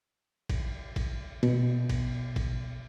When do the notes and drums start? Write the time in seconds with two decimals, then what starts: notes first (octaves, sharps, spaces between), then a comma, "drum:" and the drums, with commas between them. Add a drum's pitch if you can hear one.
0.49 drum: kick G#1, cymbal
0.96 drum: kick G#1, cymbal
1.43 B2, drum: cymbal
1.89 drum: kick G#1, cymbal
2.36 drum: kick G#1, cymbal